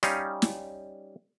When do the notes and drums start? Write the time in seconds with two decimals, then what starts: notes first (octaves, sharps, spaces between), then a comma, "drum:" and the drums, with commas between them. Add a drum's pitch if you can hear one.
0.03 G3 C#4 D#4 F5, drum: rim click
0.42 drum: snare